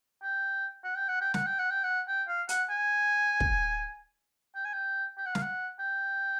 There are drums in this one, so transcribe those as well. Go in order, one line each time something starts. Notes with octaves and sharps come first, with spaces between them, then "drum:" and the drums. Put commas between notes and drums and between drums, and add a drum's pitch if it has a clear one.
G5
F#5
G5
F#5
G5
F#5, drum: snare
G5
F#5
G5
F#5
G5
F5
F#5, drum: hi-hat
G#5
drum: kick
G5
G#5
G5
G5
F#5
F5, drum: snare
F#5
G5